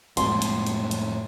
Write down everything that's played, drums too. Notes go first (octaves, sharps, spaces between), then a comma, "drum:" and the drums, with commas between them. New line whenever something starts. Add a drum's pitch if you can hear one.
F2 A2 G#3 A#3 C6, drum: hi-hat
drum: hi-hat
drum: hi-hat
drum: hi-hat